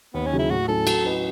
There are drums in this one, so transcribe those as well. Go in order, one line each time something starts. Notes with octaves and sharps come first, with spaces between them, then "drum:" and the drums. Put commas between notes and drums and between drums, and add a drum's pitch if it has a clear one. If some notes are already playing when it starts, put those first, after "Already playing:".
D#2 B3
C#4
C#3 F#3
E4
A2 F#4
F#3 C#4 E4 A4
F#3, drum: cymbal
C#4 E4 B4 D#5